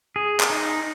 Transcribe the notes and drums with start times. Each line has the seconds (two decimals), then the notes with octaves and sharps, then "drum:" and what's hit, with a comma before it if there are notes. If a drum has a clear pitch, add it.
0.16 G#4
0.40 drum: clap
0.50 D#4